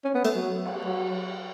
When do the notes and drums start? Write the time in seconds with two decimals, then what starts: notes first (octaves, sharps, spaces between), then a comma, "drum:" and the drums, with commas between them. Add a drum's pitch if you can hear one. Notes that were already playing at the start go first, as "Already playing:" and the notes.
0.05 C#4
0.15 B3
0.25 A3, drum: cymbal
0.35 F#3
0.66 drum: cymbal
0.85 F#3